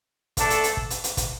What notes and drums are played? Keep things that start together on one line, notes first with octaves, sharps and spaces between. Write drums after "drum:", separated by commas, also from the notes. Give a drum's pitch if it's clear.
A3 D4 A4, drum: kick, hi-hat
drum: hi-hat
drum: hi-hat
drum: kick
drum: hi-hat
drum: hi-hat
drum: kick, hi-hat